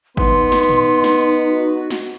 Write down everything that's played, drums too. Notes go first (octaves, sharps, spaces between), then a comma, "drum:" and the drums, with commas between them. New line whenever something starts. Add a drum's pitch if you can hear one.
B3 D#4 C6, drum: kick
drum: snare
drum: tom A2
drum: snare
F#4
drum: snare